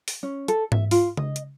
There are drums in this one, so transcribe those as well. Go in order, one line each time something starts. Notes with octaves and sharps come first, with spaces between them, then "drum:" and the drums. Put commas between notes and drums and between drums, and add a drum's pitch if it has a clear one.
drum: open hi-hat
C#4
A4, drum: hi-hat
E5, drum: tom G#2
F4, drum: open hi-hat
D#5, drum: tom C#3
drum: hi-hat